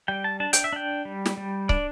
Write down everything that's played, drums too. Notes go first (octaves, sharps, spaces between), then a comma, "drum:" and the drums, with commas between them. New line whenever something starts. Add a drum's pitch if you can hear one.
G3 G5
A5
D4 A5
G5, drum: hi-hat
E5
D4 G5
G3
drum: snare
G3
D4 D5, drum: kick